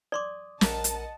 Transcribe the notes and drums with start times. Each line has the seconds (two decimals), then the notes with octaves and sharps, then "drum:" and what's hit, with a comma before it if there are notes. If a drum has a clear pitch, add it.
0.12 D5 C6 D6 D#6
0.61 A#1 A#4 D#5 F#5 A5, drum: snare
0.84 drum: hi-hat